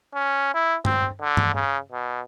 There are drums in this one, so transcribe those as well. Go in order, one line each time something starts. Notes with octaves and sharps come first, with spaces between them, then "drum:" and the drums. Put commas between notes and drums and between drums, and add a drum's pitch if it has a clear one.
C#4
E4
C4, drum: tom G2
D3
drum: tom G2
C#3
B2